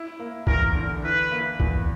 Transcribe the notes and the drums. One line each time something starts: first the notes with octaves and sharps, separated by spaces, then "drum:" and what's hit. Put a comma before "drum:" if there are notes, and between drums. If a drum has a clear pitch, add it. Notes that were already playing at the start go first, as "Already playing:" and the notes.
Already playing: E4
A#3
E2 A#4, drum: kick
D3
E4 B4
A#3
E2, drum: kick